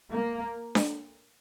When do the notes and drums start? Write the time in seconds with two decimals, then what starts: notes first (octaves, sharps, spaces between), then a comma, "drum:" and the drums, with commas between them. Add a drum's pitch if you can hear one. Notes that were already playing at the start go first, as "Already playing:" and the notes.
0.10 A#3
0.75 drum: snare D4